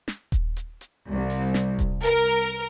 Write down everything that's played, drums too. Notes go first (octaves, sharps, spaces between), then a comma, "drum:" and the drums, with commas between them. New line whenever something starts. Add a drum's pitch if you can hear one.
drum: snare
drum: kick D#1, hi-hat
drum: hi-hat
drum: hi-hat
C2
drum: open hi-hat
drum: snare
drum: kick D#1, hi-hat
A#4, drum: hi-hat
drum: hi-hat